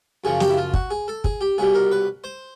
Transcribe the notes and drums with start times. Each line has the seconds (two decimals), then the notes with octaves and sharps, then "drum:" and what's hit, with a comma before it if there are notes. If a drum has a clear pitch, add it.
0.24 F#2 C#3 F3 G#4
0.40 G4, drum: snare
0.50 E4
0.57 F4
0.74 F#4, drum: kick
0.90 G#4
1.08 A4
1.24 G#4, drum: kick
1.41 G4
1.58 C2 B2 G3 G#4
1.74 A#4
1.91 B4
2.24 C5